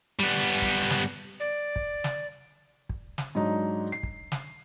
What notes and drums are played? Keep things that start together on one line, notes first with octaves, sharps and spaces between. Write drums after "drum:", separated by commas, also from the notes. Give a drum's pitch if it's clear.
G3 B3
drum: kick
drum: snare
D5
drum: kick
drum: snare
drum: kick
drum: snare
G#2 F#3 D4 D#4
C7
drum: kick
drum: snare